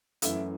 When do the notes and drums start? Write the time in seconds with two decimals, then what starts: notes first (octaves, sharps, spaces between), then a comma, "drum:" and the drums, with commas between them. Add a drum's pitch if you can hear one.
0.22 F#2 E3 A3 E4, drum: hi-hat